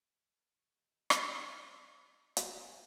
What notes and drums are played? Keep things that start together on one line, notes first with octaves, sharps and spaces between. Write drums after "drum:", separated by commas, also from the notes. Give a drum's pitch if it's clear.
C#5
D#2
drum: rim click
C3
F2
D6
drum: hi-hat